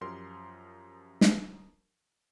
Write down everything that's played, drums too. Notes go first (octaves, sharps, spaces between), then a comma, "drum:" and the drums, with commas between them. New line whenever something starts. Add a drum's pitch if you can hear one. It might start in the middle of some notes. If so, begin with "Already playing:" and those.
F#2 F3 G4 A#4 C6
drum: snare